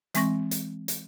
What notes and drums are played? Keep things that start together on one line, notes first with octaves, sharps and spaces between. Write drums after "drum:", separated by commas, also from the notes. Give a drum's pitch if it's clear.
E3 G#3 C4 C#6 A#6, drum: hi-hat
drum: hi-hat
drum: hi-hat